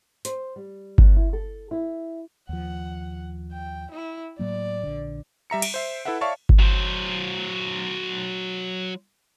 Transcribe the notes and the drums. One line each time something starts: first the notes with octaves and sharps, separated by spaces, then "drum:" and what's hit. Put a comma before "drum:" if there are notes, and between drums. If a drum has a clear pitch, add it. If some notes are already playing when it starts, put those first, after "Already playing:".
C5, drum: hi-hat
G3
F#2, drum: kick G1
E4
A4
E4
D#2 F3 F#5
G5
E4
A2 F#3 A#3 D5
A#1 D3
G3 E5 A#5 C#7
D7, drum: cymbal
C5 E5 C7
E4 A4 B4 E5 F#5
C#5 D5 E5 F5 A5 C#6
drum: kick G1
F#3 C5